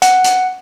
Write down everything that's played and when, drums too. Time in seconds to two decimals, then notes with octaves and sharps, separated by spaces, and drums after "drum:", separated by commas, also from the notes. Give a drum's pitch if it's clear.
0.02 F#5, drum: hi-hat
0.24 drum: hi-hat